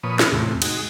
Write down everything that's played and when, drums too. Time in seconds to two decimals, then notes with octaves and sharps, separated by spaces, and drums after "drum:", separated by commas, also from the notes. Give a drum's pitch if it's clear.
0.03 A#2 F3 B4 C#5 D#6
0.19 drum: snare
0.32 E2 A2 C3
0.62 G#3 D#4 F#4, drum: cymbal